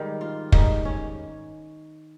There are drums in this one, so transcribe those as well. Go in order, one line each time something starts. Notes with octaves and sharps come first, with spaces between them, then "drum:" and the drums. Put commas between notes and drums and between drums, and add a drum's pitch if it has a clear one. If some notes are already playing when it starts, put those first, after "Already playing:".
Already playing: G#2 D#3 G3
F4
G#2 D#3 G3 D#4, drum: kick
C#4